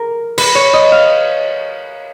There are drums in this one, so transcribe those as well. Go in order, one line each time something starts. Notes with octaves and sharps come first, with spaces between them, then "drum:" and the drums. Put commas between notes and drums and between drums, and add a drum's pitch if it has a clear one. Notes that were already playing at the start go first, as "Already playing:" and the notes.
Already playing: A#4
B4, drum: cymbal
C#5
D#5
F5